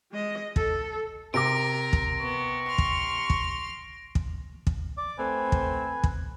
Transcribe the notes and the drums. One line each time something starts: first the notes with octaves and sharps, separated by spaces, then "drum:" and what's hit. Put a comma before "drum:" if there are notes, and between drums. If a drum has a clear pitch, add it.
G#3 D#5
A4, drum: kick
C3 A#4 D6 A#6 D7
drum: kick
B3 C#6
C6 F6
drum: kick
drum: kick
drum: kick
drum: kick
D5 D6
A3 C4 B4 G#5
drum: kick
drum: kick